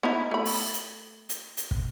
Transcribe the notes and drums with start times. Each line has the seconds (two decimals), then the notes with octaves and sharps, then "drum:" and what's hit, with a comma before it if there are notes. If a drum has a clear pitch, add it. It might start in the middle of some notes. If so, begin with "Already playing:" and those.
0.03 B3 D#4 E4
0.31 A3 B5
0.45 drum: open hi-hat
0.73 drum: hi-hat
1.29 drum: hi-hat
1.57 drum: hi-hat
1.71 drum: kick